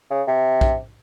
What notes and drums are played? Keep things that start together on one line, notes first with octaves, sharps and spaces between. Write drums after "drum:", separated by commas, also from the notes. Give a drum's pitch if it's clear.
C#3
C3
drum: kick